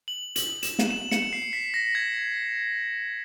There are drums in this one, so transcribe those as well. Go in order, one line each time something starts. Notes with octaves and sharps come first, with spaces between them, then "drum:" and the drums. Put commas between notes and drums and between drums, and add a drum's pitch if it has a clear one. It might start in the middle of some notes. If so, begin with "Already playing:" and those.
F#7
F#7, drum: hi-hat
E7, drum: hi-hat
drum: snare
E7
C#7, drum: snare
C7
B6
A#6
G#6